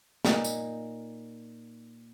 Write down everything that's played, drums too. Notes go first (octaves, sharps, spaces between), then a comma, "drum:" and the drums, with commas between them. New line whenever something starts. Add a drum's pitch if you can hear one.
A#2 D#4, drum: snare
drum: tambourine